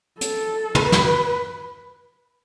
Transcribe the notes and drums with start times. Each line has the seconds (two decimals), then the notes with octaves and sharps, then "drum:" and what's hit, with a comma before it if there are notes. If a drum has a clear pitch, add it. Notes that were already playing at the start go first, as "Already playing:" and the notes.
0.21 A4, drum: hi-hat
0.75 B4, drum: tom
0.92 drum: snare